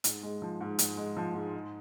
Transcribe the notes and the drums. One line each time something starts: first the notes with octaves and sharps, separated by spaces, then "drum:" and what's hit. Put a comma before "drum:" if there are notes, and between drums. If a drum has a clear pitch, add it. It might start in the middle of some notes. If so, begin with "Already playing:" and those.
G#2, drum: hi-hat
G#3
F3
G#2
G#2, drum: hi-hat
G#3
F3
G#2
G#3